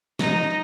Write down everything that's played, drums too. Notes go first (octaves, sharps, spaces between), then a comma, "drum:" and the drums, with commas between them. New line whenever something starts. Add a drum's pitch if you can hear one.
D#4, drum: snare